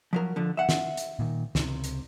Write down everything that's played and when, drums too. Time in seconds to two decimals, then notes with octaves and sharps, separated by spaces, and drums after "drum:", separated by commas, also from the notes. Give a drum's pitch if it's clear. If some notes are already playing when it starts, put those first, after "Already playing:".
0.13 F3 F#3 A#4
0.36 D3 F3
0.57 E5 F#5
0.69 drum: snare
0.97 drum: hi-hat
1.19 A#2 D#3
1.55 C#2 C3, drum: snare
1.84 drum: hi-hat